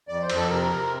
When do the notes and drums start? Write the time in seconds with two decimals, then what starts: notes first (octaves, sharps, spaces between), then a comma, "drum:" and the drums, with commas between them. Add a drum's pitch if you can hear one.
0.08 F2 D5
0.22 C5
0.30 F2, drum: cymbal
0.36 A4
0.49 C3 A#4
0.71 C3